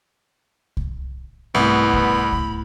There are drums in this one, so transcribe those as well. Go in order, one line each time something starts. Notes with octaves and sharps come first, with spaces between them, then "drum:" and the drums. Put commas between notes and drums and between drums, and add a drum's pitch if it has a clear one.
drum: kick C2
C2 G#2 A3 B3 E4 B5
drum: kick C2
drum: kick C2